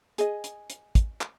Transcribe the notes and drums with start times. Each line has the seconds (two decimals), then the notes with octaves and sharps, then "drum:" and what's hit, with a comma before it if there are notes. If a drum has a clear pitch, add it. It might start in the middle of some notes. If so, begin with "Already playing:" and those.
0.18 G#4 D#5, drum: hi-hat
0.44 drum: hi-hat
0.70 drum: hi-hat
0.95 drum: kick, hi-hat
1.21 drum: clap